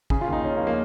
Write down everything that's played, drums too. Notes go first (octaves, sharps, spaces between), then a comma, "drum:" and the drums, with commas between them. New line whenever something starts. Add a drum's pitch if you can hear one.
C#3 G#4, drum: kick
F4
D#2
D#4
D#2 C#4
A#3
F3
A#3